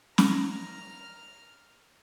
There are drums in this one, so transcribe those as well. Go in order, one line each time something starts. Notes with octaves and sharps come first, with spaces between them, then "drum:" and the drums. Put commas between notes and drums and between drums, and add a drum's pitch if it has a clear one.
A#5 F6, drum: snare